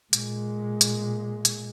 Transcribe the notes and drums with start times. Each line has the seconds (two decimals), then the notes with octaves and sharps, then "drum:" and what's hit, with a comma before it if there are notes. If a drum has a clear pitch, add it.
0.13 A#2 G#3, drum: hi-hat
0.81 drum: hi-hat
1.45 drum: hi-hat